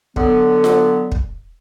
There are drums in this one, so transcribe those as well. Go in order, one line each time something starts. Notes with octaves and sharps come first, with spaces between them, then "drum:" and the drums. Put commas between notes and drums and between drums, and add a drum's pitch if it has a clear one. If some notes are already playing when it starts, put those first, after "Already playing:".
D3 F#3 B3, drum: kick
drum: snare F4
drum: kick